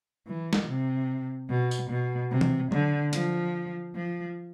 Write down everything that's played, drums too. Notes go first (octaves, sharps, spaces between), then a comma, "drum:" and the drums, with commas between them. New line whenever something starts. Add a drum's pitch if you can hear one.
E3
drum: snare
C3
B2
drum: tambourine
B2
C3
drum: tom E3
D3, drum: tom F#3
F3, drum: hi-hat
F3